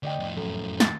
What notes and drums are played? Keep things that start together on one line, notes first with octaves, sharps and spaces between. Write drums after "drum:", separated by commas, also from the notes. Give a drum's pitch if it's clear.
D2 D5 D#5 G5
F2 A2
F#2 A4
A6, drum: snare